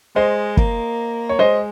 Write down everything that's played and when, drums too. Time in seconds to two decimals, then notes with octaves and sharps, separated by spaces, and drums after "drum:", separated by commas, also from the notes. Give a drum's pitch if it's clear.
0.15 G#3 C5 D#5
0.57 A#3, drum: kick
1.29 C#5
1.39 G#3 C5 D#5